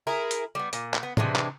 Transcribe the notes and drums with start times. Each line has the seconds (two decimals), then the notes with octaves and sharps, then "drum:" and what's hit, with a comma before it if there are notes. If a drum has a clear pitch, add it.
0.07 E4 G#4 A#4
0.31 drum: hi-hat
0.55 G3 B3
0.73 A#2, drum: hi-hat
0.94 drum: clap
1.03 B3
1.17 C3 E3 G#3 D4, drum: tom
1.36 drum: clap